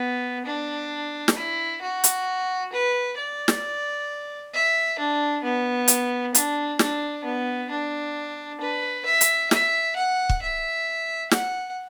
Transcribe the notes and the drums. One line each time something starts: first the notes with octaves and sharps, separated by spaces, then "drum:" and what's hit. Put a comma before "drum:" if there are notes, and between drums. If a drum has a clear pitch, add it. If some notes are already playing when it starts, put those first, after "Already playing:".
Already playing: B3
D4
drum: snare
E4
F#4
drum: hi-hat
B4
D5
drum: snare
E5
D4
B3
drum: hi-hat
D4, drum: hi-hat
D4, drum: snare
B3
D4
B4
E5
drum: hi-hat
E5, drum: snare
F#5
drum: kick
E5
F#5, drum: snare